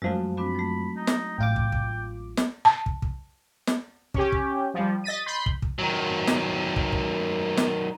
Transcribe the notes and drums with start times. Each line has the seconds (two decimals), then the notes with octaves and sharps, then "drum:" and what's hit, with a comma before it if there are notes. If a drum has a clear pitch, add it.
0.02 F#2 F3 G#3 A3 F#4
0.37 C4 D4 F#4 B5
0.55 F#3 A3
0.96 D#4
1.07 drum: snare
1.38 A1 F4 G5 D6
1.56 drum: kick
1.72 drum: kick
2.37 drum: snare
2.65 A5
2.86 drum: kick
3.02 drum: kick
3.67 drum: snare
4.14 C#4 G4, drum: kick
4.32 drum: kick
4.74 F3 G3
5.04 D#5 A6 B6 D#7
5.26 B5 C6 G6
5.46 drum: kick
5.62 drum: kick
5.79 D#3 F#3
6.27 drum: snare
6.76 drum: kick
6.92 drum: kick
7.57 drum: snare